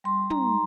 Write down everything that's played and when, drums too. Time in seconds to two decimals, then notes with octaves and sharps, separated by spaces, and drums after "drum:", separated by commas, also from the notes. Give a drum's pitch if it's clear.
0.04 G3 C6
0.30 D#4 A#5, drum: tom